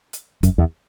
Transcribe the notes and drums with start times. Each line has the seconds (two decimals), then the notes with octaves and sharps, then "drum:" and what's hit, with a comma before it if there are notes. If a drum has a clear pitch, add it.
0.13 drum: hi-hat
0.43 F#2, drum: kick F#1, hi-hat
0.58 E2